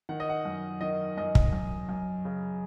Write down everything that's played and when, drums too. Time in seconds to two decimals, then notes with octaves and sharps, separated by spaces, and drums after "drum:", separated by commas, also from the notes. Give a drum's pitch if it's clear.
0.09 D#3 F#5
0.20 D#5
0.29 F#5
0.45 F#2
0.81 D#3 D#5
1.17 F#2 D#5
1.35 drum: kick
1.53 F#2
1.89 F#2
2.25 C#3